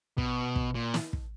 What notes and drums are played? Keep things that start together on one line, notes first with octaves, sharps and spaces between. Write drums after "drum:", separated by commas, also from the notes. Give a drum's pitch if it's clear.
B2, drum: kick
drum: kick
A#2
drum: snare
drum: kick